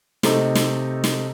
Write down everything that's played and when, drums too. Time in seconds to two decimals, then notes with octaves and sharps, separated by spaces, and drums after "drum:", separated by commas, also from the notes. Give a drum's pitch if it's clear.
0.23 C3 A3 D#4, drum: snare
0.55 drum: snare
1.04 drum: snare